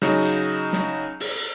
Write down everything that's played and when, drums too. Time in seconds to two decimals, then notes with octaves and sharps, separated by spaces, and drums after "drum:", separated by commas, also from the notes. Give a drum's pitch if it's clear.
0.02 C#3 F#3 D#4, drum: snare
0.25 drum: hi-hat
0.73 drum: snare
1.20 drum: open hi-hat